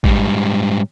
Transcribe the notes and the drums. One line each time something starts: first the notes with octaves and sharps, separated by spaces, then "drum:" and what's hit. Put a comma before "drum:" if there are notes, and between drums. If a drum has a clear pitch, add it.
G#2 G3, drum: kick